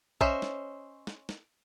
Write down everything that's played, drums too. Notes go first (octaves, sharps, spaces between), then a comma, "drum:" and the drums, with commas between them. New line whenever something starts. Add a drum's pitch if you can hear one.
C#4 C5 D#5 E5, drum: kick A#1
drum: snare
drum: snare
drum: snare